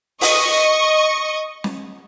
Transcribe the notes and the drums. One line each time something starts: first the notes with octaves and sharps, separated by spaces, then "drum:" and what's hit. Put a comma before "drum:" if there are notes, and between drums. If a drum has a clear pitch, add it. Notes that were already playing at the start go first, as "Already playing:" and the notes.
D#5 C#6, drum: open hi-hat
drum: snare